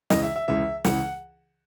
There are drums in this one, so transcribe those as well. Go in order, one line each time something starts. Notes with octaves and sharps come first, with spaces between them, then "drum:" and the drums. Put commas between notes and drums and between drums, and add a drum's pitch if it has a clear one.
C#2 C#3 E3 D#5, drum: snare
E5
E5
C#2 C#3 E3 E5
C#2 C#3 E3 F#5, drum: snare